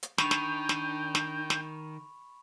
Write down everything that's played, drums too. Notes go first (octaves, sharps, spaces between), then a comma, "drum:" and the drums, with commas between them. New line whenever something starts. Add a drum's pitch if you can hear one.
drum: hi-hat
D#3 D4 G5 B5 C#6 F7, drum: snare
drum: snare
drum: snare
drum: snare
drum: snare